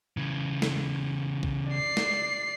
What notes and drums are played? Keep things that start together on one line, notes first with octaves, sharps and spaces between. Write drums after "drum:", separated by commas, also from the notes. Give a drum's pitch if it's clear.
C#3 E3
drum: snare
drum: kick
D5 C7
drum: snare